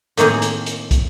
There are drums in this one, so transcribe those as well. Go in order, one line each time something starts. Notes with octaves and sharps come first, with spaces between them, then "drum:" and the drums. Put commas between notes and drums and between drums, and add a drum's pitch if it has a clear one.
A2 D#3 A#3 C4 G#4, drum: hi-hat
drum: hi-hat
drum: hi-hat
drum: kick, hi-hat